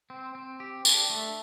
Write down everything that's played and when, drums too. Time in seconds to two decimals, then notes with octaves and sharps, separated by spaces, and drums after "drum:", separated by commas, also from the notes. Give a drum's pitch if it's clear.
0.10 C4
0.35 C4
0.60 G4
0.85 D4, drum: tambourine
1.10 A3